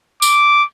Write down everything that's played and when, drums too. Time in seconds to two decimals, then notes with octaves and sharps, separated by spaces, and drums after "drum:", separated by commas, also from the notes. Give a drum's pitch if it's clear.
0.22 D6, drum: tambourine